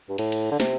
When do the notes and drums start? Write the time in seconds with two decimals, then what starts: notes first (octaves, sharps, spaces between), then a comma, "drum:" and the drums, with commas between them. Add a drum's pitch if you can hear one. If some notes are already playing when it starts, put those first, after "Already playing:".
0.09 G2
0.18 A2, drum: cymbal
0.32 drum: cymbal
0.51 D3
0.60 C3, drum: snare